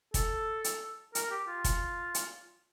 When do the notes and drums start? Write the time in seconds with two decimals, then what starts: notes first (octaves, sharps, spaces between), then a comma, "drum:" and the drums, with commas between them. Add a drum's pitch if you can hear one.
0.14 A4, drum: kick, hi-hat
0.64 drum: hi-hat
1.15 A#4, drum: hi-hat
1.31 G4
1.48 F4
1.64 drum: kick, hi-hat
2.14 drum: hi-hat